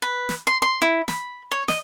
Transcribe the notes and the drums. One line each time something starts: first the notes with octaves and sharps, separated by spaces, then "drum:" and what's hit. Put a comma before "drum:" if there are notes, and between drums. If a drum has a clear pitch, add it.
B4
drum: snare
C6
C6
E4
B5, drum: snare
C#5
D#5, drum: snare